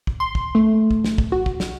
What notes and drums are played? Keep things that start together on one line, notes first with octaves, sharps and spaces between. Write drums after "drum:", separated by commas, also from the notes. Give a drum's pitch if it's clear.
drum: kick
C6
drum: kick
A3
drum: kick
drum: snare
drum: kick
F#4
drum: kick
drum: snare